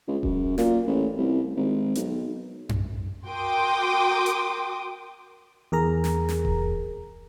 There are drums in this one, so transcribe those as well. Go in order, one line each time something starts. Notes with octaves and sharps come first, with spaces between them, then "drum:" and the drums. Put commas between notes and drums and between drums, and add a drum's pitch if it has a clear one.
C#2
F#2, drum: kick D#1
A#2, drum: snare
A1
C2
G#1
B1, drum: hi-hat
drum: tom F#2
F#4 A#4 G5 C6 D6 D#6
drum: hi-hat
E2 G#4 A#4 A#5
drum: snare
drum: snare
drum: kick D#1